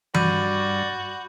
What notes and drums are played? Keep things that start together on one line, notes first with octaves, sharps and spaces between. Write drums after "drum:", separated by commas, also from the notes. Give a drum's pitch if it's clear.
G2 F#4 D5 B5 G6 D#7, drum: tom E3